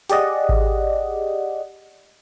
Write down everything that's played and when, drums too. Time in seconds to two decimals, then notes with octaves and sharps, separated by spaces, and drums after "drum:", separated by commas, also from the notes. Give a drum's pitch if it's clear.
0.09 G4 G#4 D5 D#5 F#5, drum: hi-hat
0.49 drum: kick G#1